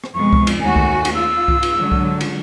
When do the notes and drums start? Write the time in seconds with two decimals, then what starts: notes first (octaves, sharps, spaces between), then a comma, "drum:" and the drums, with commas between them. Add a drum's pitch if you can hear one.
0.04 drum: rim click
0.14 F2 B2 G#3 C#6
0.33 drum: kick C2
0.47 drum: cymbal
0.60 D#2 A3 F#4 G#5
0.76 drum: kick C2
1.05 drum: cymbal
1.15 F4 E6
1.48 drum: kick C2
1.63 drum: cymbal
1.77 D3 F#3 G#3
1.92 drum: kick C2
2.21 drum: cymbal